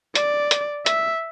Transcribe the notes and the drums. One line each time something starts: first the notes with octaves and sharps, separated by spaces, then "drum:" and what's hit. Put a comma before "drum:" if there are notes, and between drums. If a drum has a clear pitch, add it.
D5, drum: hi-hat
drum: hi-hat
E5, drum: hi-hat